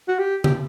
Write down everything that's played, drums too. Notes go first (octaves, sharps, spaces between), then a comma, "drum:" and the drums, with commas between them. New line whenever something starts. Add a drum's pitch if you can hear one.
F#4
G4
G4, drum: tom C#3